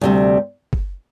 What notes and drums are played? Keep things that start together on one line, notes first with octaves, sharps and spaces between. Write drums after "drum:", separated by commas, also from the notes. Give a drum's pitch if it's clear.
D2 C3 G3
drum: kick F#1